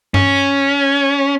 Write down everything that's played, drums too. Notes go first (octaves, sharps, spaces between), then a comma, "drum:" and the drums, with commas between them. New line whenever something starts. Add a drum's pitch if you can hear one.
C#4, drum: tom G2